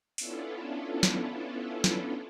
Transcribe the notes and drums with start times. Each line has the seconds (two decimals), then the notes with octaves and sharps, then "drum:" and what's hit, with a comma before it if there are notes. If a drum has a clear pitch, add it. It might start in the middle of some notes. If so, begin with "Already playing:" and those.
0.18 B3 C#4 D4 E4 F4 A4, drum: open hi-hat
1.03 drum: snare
1.84 drum: snare